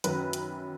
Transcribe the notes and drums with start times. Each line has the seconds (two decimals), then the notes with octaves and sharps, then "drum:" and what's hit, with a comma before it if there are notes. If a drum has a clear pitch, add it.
0.04 F#2 D#3 F#3 B4, drum: hi-hat
0.33 drum: hi-hat